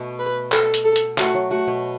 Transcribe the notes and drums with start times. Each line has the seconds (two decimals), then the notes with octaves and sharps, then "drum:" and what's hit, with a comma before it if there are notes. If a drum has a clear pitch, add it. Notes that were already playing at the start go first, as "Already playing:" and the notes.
Already playing: B2 A3 B3
0.19 B4
0.52 A4, drum: clap
0.74 drum: hi-hat
0.85 A4
0.96 drum: hi-hat
1.18 A3 F#4, drum: clap
1.35 F#3
1.51 A3 F#4
1.68 B2 B3